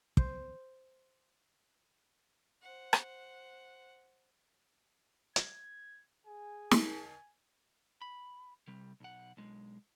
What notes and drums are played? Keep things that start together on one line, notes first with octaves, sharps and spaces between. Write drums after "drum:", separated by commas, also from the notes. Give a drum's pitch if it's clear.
C5, drum: kick
C5 F#5
drum: rim click
G#6, drum: hi-hat
G#4 G#5
drum: snare
B5
C3 G3
B1 F#5
B1 G#3